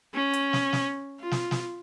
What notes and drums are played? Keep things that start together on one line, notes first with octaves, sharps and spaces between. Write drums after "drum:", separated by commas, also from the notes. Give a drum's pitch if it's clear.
C#4
drum: hi-hat
drum: snare
drum: snare
F4
drum: snare
drum: snare